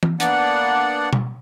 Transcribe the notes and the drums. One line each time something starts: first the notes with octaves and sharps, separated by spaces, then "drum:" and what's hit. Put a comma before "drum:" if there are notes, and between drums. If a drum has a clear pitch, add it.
drum: tom E3
A#3 B3 D4 D5 F#5, drum: hi-hat
drum: tom B2